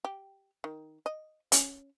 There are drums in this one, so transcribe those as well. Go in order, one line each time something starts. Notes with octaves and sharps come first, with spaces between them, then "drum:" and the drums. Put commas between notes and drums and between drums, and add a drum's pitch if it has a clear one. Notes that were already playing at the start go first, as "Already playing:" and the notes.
G4
D#3
D#5
C#4, drum: hi-hat